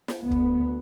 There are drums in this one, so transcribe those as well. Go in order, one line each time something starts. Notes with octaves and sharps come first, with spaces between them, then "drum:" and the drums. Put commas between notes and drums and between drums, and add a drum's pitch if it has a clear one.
drum: snare
D2 B3
drum: kick